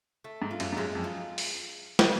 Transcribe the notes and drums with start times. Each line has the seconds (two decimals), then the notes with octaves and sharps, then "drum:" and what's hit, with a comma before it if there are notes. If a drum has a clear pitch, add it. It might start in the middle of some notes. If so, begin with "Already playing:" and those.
0.24 A3
0.42 G#2
0.51 F4
0.60 F#2, drum: cymbal
0.72 G#2
0.77 F#2 G#3
0.95 F2
1.04 F4
1.38 drum: open hi-hat
1.99 drum: snare